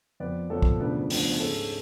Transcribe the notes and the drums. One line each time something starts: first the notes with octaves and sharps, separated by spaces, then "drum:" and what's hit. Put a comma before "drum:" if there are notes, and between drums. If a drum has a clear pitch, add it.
F2 F3 B3 B4 D5
F2 F3 B3 A4 C#5
drum: kick
D2 C#3 F3 B3 B4 D5
D2 C#3 F3 B3, drum: open hi-hat
G#2 G#3 C#4 A4 C#5